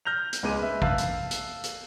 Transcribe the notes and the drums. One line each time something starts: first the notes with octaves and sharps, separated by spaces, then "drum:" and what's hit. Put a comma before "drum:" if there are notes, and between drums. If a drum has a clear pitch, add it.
F6 G6 A#6 F7
drum: hi-hat
C#2 G#3 D6 D#7
B4 E5
F5 A5 E6 F#6 A6, drum: kick A1
drum: hi-hat
drum: hi-hat
drum: hi-hat